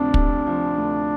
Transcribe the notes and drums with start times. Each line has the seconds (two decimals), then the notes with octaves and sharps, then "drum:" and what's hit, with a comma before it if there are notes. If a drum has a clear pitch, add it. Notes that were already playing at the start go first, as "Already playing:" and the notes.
Already playing: D2 C3 F3 C4 D4
0.14 C3, drum: kick
0.47 F3
0.78 D2